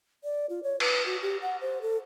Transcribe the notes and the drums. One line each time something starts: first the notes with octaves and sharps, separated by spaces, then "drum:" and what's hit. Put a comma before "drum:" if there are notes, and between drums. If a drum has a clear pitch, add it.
D5
F4
C#5
B4, drum: cymbal
F#4
G4
F#5
C5
A4